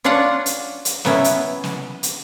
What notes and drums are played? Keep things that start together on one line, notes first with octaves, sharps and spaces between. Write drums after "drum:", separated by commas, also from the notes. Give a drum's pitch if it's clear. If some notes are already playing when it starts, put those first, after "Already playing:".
C#4 D4 F4 C#5 F#5
drum: hi-hat
drum: hi-hat
F#3 B3 C#4 E4, drum: snare
drum: hi-hat
drum: snare
drum: hi-hat